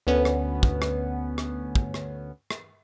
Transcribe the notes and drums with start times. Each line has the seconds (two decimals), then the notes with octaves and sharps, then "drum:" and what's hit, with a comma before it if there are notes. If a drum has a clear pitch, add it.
0.07 D2 B3 C#4
0.25 drum: rim click
0.63 drum: kick
0.82 drum: rim click
1.38 drum: rim click
1.75 drum: kick
1.94 drum: rim click
2.51 drum: rim click